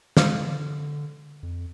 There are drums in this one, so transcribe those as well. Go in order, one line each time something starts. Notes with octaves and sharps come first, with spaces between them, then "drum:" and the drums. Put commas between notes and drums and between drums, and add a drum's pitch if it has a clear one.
D3 G#3, drum: snare
F2